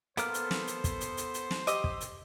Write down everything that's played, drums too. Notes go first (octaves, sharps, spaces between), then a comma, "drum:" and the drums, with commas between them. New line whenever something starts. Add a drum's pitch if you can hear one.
A#3 B3 A4 C5 F6, drum: hi-hat
drum: hi-hat
drum: snare
drum: hi-hat
drum: kick, hi-hat
drum: hi-hat
drum: hi-hat
drum: hi-hat
drum: snare
G4 D#5 D6 E6, drum: hi-hat
drum: kick
drum: hi-hat